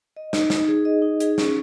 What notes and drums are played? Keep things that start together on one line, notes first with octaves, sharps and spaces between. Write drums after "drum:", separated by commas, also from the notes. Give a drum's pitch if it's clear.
D#5
D#4, drum: snare
D#4, drum: snare
G#4
D#5
D#4
G#4, drum: hi-hat
C#4, drum: snare